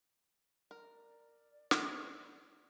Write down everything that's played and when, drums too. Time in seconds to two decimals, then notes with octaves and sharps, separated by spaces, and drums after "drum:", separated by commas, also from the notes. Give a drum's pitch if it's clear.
0.71 A#4 D5
1.71 drum: snare